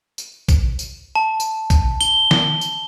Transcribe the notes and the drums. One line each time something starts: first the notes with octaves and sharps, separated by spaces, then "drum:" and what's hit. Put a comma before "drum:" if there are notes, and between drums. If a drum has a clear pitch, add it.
drum: tambourine
drum: kick A#1, tambourine
drum: tambourine
A5
drum: tambourine
drum: kick A#1, tambourine
G7, drum: tambourine
drum: snare
drum: tambourine